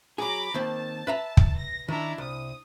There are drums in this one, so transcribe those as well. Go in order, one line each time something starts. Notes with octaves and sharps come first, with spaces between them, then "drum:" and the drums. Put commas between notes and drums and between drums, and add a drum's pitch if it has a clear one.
F#3 G#4 A#5 B5 D6
D#3 A#3 C4 A5
B4 E5 A#5
drum: kick
A#6
D#3 D4 E4 A#5
C2 D#6